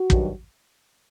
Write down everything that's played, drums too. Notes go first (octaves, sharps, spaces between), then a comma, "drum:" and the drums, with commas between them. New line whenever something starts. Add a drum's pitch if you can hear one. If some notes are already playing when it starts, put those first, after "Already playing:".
Already playing: F#4
G2 D#3 F#3, drum: kick